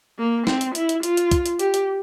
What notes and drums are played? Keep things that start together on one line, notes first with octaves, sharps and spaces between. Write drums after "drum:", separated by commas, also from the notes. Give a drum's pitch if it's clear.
A#3
C4, drum: snare
drum: hi-hat
E4, drum: hi-hat
drum: hi-hat
F4, drum: hi-hat
drum: hi-hat
drum: kick, hi-hat
drum: hi-hat
G4, drum: hi-hat
drum: hi-hat